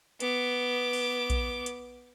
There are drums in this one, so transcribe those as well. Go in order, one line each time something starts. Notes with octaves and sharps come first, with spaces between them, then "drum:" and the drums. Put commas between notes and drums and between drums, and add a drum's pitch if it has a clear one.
B3 D6, drum: hi-hat
drum: open hi-hat
drum: kick A#1, hi-hat
drum: hi-hat